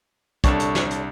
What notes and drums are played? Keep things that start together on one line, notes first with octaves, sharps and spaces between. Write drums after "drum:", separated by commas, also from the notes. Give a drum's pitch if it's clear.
C2 D4 A4 C#5, drum: kick, hi-hat
drum: hi-hat
drum: snare
drum: hi-hat